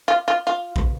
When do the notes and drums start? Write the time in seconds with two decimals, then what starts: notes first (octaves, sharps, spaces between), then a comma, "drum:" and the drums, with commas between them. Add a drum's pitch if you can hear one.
0.08 F4
0.28 F4
0.47 F4
0.76 drum: kick A#1